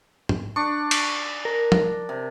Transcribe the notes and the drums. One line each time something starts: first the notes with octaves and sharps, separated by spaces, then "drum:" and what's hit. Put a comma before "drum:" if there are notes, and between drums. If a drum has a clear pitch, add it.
drum: tom
D4 C#6
drum: cymbal
A#4
drum: tom
C3